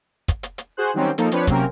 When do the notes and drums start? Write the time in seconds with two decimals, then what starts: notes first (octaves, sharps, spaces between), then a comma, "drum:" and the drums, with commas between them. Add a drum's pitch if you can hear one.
0.28 drum: kick, hi-hat
0.43 drum: hi-hat
0.58 drum: hi-hat
0.77 F#4 G#4 C5 F#6
0.94 D#3 F#3 G3 C4 C#4
1.18 F3 A#3 D#4 A4, drum: hi-hat
1.32 F3 C4 D4 B4 C#5, drum: hi-hat
1.47 C3 F#3 A#3 C4 C#4 A#4, drum: kick, hi-hat